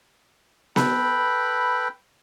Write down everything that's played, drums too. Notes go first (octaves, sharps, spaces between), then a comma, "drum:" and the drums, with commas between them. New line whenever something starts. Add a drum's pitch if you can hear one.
A4 B4 G5 B5, drum: snare B3